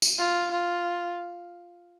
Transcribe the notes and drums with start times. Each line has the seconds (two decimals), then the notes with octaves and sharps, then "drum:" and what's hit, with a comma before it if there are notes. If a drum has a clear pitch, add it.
0.02 drum: tambourine
0.18 F4
0.51 F4